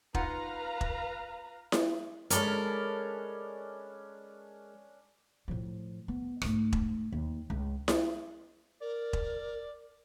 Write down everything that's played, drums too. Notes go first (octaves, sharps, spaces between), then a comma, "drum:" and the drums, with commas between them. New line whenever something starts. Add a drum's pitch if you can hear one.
D#4 F4 B4 F5 F#5 A#5, drum: kick E1
drum: kick E1
drum: snare E4
G#3 C#4 D4 A4 A#4 B5, drum: hi-hat
A2 F3
B3
G#2 A3, drum: rim click
drum: kick E1
D#2
C#2
drum: snare E4
A#4 D5
drum: kick E1